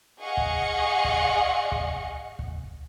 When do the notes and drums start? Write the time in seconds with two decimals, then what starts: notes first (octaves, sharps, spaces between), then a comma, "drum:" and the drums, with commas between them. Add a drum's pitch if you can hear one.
0.20 G#4 D#5 F5 F#5 C#6 C#7
0.37 drum: kick
1.04 drum: kick
1.72 drum: kick
2.39 drum: kick